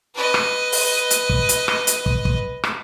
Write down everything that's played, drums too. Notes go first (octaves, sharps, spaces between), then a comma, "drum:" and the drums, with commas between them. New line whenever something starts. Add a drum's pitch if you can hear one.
B4 D#5
drum: rim click
drum: open hi-hat
drum: hi-hat
drum: kick
drum: hi-hat
drum: rim click
drum: hi-hat
drum: kick
drum: kick
drum: rim click